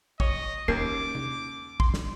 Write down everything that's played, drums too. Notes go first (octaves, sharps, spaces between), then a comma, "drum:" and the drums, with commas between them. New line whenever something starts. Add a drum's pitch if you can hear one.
C#5 D#5, drum: kick
D#2 C#4 A#4 D6 C7
drum: tom C3
C6, drum: kick
drum: snare